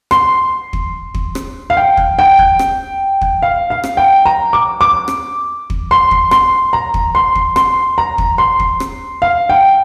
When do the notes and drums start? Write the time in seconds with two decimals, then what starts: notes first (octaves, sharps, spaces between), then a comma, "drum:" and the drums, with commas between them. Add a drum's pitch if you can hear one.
0.11 C6, drum: rim click
0.73 drum: kick
1.14 drum: kick
1.35 drum: rim click
1.70 F5
1.77 G5
1.97 drum: kick
2.19 G5
2.39 drum: kick
2.59 drum: rim click
3.21 drum: kick
3.42 F5
3.70 F5
3.84 drum: rim click
3.97 G5
4.26 A#5
4.53 D6
4.81 D6
5.08 drum: rim click
5.70 drum: kick
5.91 C6
6.11 drum: kick
6.31 C6, drum: rim click
6.73 A#5
6.94 drum: kick
7.15 C6
7.35 drum: kick
7.56 C6, drum: rim click
7.98 A#5
8.18 drum: kick
8.38 C6
8.60 drum: kick
8.80 drum: rim click
9.22 F5
9.49 G5